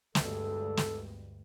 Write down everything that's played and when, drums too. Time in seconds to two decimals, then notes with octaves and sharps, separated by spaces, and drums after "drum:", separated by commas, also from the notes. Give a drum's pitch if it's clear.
0.15 D2 G2 G#3 A4, drum: snare
0.77 drum: snare